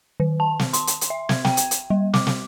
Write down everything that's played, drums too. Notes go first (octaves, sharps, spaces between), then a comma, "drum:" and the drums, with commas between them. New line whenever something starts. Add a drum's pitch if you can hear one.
D#3
A5
drum: snare
C6, drum: hi-hat
drum: hi-hat
drum: hi-hat
E5
G#6, drum: snare
G5, drum: snare
drum: hi-hat
drum: hi-hat
G3
D6, drum: snare
drum: snare